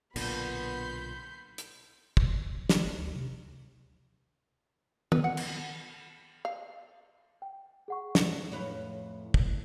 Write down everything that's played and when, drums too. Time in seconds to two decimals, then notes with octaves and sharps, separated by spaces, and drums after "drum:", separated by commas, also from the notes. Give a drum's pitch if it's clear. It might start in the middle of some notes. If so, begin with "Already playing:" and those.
0.16 B1 A#2 D3 B3 B5 C6 G6, drum: cymbal
1.58 drum: hi-hat
2.17 drum: kick
2.69 D#3, drum: snare
2.84 G#1
2.98 D2
3.15 C3
5.12 B4, drum: tom
5.24 F#5
5.37 drum: cymbal
6.45 F5
7.42 G5
7.88 G#4 F#5 C#6
8.15 drum: snare
8.52 F2 A2 B4 C#5
9.34 drum: kick